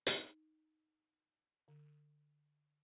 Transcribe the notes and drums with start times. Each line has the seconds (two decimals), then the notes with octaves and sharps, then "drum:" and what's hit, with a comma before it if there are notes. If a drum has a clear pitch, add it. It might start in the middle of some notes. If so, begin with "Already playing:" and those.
0.07 D#4, drum: hi-hat
1.68 D3